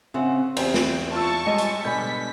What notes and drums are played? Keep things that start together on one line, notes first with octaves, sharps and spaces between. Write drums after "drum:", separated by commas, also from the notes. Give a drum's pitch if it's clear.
C#3 C4 C#4 E5 F#5
E2 C4 G4 C5, drum: cymbal
drum: snare
F4 A5 C#6 E6
G3 G#3 C#5 D#5
drum: hi-hat
B2 D3 G3 G#5 B5 G6 B6